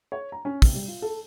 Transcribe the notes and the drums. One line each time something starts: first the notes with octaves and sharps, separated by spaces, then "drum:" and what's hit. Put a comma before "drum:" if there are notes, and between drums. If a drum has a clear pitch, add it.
C#5
A#5
C#4
C3, drum: kick, open hi-hat
G3
F4
A4